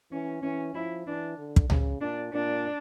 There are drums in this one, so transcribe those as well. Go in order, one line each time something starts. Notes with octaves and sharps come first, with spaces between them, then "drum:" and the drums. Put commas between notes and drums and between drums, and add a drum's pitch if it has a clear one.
E3 C#4
E3 C#4
F3 E4
E3 D4
D3
drum: kick
C#3, drum: tom C#2
A#2 D4
A#2 D4